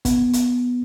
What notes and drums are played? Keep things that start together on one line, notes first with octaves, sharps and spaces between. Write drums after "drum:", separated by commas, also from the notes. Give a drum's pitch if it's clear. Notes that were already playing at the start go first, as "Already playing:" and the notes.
B3, drum: kick, hi-hat
drum: hi-hat